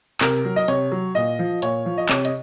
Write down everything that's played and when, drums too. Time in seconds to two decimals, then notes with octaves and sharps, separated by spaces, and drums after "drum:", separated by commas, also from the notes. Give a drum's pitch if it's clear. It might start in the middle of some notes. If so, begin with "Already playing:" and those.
0.21 C3 A#4, drum: clap
0.45 F#3
0.56 D#5
0.68 C3 C#5, drum: hi-hat
0.92 F#3
1.15 A#2 D#5
1.39 F3
1.62 A#2 C#5, drum: hi-hat
1.86 F3
1.98 D#5
2.09 C3 C#5, drum: clap
2.25 D#5, drum: hi-hat